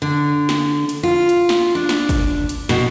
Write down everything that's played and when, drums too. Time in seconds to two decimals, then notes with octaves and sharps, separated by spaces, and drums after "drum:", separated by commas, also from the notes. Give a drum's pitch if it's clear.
0.02 D3
0.49 drum: snare
0.89 drum: hi-hat
1.03 F4
1.29 drum: hi-hat
1.49 drum: snare
1.75 D4
1.89 drum: snare
2.09 drum: kick, hi-hat
2.49 drum: hi-hat
2.69 B2, drum: snare